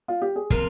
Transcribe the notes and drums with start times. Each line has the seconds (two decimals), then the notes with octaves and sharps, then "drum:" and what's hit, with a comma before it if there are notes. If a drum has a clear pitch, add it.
0.08 F4
0.22 G4
0.36 G#4
0.50 C3 F3 C4 F4 A#4, drum: kick